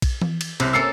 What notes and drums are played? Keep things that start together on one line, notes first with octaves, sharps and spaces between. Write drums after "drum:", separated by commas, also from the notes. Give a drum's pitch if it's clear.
drum: kick A#1, cymbal
drum: tom E3
drum: cymbal
C2 C3, drum: cymbal
A#3 C#4 A4 E6 C7 C#7